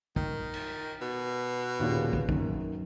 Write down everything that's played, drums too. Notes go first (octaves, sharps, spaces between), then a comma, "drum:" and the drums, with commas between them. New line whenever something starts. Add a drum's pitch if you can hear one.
D#3, drum: kick
drum: cymbal
B2
D#2 A#2 C#3
drum: kick
F#2 D#3, drum: kick